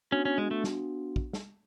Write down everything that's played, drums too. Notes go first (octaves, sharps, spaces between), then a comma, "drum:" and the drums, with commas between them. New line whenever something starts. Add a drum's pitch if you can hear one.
B3 C#4 D4 F#4
C#4
G#3
A3
drum: snare
drum: kick
drum: snare